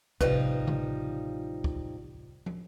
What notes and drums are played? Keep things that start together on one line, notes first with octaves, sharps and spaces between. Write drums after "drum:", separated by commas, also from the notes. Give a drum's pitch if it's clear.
A1 C3 F3 G3 D#4 B4, drum: kick
drum: tom C#3
drum: kick
drum: tom